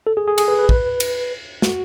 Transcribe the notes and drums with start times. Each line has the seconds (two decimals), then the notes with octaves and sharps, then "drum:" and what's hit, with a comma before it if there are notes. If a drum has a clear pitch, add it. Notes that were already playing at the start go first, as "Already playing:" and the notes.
0.07 A4
0.17 G#4
0.27 G#4
0.38 G#4, drum: cymbal
0.48 B4
0.59 B4
0.69 B4, drum: kick
1.00 drum: cymbal
1.62 F#4, drum: snare